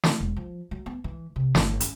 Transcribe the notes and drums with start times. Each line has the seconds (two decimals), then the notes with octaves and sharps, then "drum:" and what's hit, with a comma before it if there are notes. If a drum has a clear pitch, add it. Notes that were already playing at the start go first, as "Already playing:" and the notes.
0.04 drum: snare
0.20 E1
0.37 F3
0.71 F#3
0.86 B3
1.04 E3
1.36 C3
1.55 G1, drum: snare
1.80 C#4, drum: hi-hat